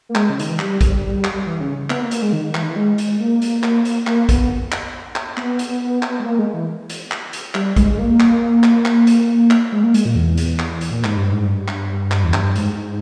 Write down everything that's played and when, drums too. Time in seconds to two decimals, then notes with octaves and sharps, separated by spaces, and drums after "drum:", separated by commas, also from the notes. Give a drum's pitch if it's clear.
0.09 A#3
0.15 G#3, drum: clap
0.30 C#3
0.39 D#3, drum: hi-hat
0.49 E3
0.59 G3, drum: clap
0.81 drum: kick A#1, hi-hat
1.24 drum: clap
1.46 E3
1.61 C#3
1.90 B3, drum: clap
2.01 A#3
2.11 A#3, drum: hi-hat
2.22 G#3
2.33 D#3
2.54 E3, drum: clap
2.62 D#3
2.69 E3
2.76 G#3
2.98 drum: hi-hat
3.20 A#3
3.42 drum: hi-hat
3.63 drum: clap
3.85 drum: hi-hat
4.07 A#3, drum: clap
4.29 B3, drum: kick A#1, hi-hat
4.72 drum: clap
5.16 drum: clap
5.37 B3, drum: clap
5.59 drum: hi-hat
6.03 drum: clap
6.20 G#3
6.24 A#3
6.39 G#3
6.54 E3
6.90 drum: hi-hat
7.11 drum: clap
7.33 drum: hi-hat
7.55 G3, drum: clap
7.76 G#3, drum: kick A#1, hi-hat
7.98 A#3
8.20 drum: clap
8.63 drum: clap
8.85 drum: clap
9.07 drum: hi-hat
9.50 drum: clap
9.72 G#3
9.83 A#3
9.94 G#3, drum: hi-hat
10.05 A#2
10.16 E2
10.37 drum: hi-hat
10.59 drum: clap
10.81 drum: hi-hat
10.91 A#2
11.04 G#2, drum: clap
11.17 G2
11.32 G#2
11.46 G2
11.68 drum: clap
12.11 drum: clap
12.24 E2
12.34 G2, drum: clap
12.55 G#2, drum: hi-hat